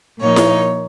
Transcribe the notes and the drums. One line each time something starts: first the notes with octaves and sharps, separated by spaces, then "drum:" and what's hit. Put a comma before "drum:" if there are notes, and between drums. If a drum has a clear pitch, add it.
A#2 F3 A#3 D#4 C#5
drum: snare E4